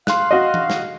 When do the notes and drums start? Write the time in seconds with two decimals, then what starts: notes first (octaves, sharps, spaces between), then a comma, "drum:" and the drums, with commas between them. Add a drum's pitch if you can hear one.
0.07 F5 C6 F#6, drum: snare
0.31 F#4 D#5
0.54 drum: tom E3
0.70 drum: snare